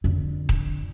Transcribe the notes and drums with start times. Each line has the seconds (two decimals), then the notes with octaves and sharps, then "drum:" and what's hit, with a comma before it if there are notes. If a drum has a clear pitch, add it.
0.04 F2 D3
0.49 drum: kick D#1